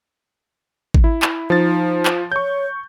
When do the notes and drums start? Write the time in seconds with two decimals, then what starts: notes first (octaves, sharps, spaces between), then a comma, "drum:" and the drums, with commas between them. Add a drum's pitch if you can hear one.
0.94 drum: kick G#1
1.04 E4
1.22 drum: clap
1.50 F3 D#4 A6
2.05 drum: clap
2.32 C#5 C#6 G6